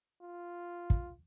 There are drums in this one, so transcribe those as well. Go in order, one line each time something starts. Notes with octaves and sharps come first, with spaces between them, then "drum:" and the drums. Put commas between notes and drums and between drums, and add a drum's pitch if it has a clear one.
F4
drum: kick